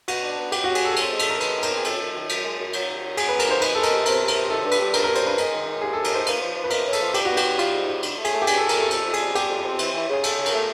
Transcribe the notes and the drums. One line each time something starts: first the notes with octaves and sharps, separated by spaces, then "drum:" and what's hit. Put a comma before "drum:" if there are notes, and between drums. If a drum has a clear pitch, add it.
B2 F#4, drum: cymbal
D4
B3
B2 G4, drum: cymbal
F#4
F#3
G#4, drum: cymbal
F#3 A4
G#4
C4 A4, drum: cymbal
G#3
A4, drum: cymbal
D#3 A#4
G#3 B4, drum: cymbal
D#3
A#4, drum: cymbal
C4
G#4
F#2 A4, drum: cymbal
F#2
D#3
F#2, drum: cymbal
G#3
F#2
F#3, drum: cymbal
D#2
F#3
F#3 G#4, drum: cymbal
B4
F#3
A#4, drum: cymbal
D#2 C5
G#3 B4, drum: cymbal
G#3 A4
A#4, drum: cymbal
C3
C3 A#4, drum: cymbal
C3
A#4, drum: cymbal
C3
D#3 A4
G2
B4, drum: cymbal
G3
G2 A#4, drum: cymbal
A#4
G2
C5, drum: cymbal
G2 B4
G#3 A#4, drum: cymbal
D#3
G#3
D#2 G#4
A4
D#2
A#4, drum: cymbal
D#3 C5
A#3 B4, drum: cymbal
F3
F3
B4
F3 A#4, drum: cymbal
C#3
A4, drum: cymbal
F3
G3 G4, drum: cymbal
B3 F#4
G4, drum: cymbal
G3
G3 F4, drum: cymbal
G#2
G3
D3, drum: cymbal
A3
G#4, drum: cymbal
A3
G4
G2 G#4, drum: cymbal
A4
G2
A#4, drum: cymbal
A3 A4
F2 A4, drum: cymbal
F2
G#4, drum: cymbal
G3
G3 G4, drum: cymbal
F2
C4
E3, drum: cymbal
E3
C#3
G#4
C#3 A4, drum: cymbal
C#3
A#4, drum: cymbal
A3 A4